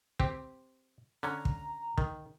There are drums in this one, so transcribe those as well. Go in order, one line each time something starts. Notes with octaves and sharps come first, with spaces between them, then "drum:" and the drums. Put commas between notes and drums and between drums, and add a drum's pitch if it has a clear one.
C4 G4, drum: kick
D3 C#4 A#5
drum: kick
D#3, drum: kick